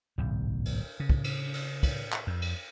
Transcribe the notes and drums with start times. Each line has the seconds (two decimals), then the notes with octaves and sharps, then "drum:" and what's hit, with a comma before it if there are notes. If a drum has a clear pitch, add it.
0.18 D1 B1 G#2
0.65 drum: cymbal
1.00 C#3
1.09 drum: kick
1.24 drum: cymbal
1.54 drum: cymbal
1.83 drum: kick, cymbal
2.12 drum: clap
2.27 F2
2.42 drum: cymbal